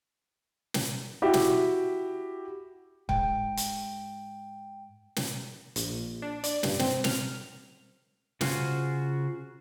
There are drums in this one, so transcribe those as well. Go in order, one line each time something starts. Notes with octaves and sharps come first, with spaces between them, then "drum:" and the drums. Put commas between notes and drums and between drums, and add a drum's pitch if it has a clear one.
drum: snare
E4 F#4 G4 E5
drum: snare
G#2 G5, drum: kick
drum: hi-hat
drum: snare
A#1, drum: hi-hat
D4
D5, drum: hi-hat
G2, drum: snare
C4, drum: snare
F6, drum: snare
C#3 F4 F#4 C5 G#5, drum: snare